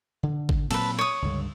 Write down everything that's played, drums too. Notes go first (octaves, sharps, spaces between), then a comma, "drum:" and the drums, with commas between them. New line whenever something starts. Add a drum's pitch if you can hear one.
D3
drum: kick G#1
A#2 F#3 C4 A4 B4, drum: cymbal
C#5 D#6
C#2 G2 D3